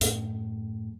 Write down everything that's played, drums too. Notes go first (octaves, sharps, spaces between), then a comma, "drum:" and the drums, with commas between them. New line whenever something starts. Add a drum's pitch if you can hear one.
F#2 A2, drum: hi-hat